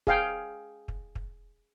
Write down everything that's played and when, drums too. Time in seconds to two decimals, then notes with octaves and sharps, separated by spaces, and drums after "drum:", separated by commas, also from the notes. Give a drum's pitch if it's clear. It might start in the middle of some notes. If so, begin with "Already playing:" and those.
0.07 G#4 F5 G5, drum: kick
0.88 drum: kick
1.15 drum: kick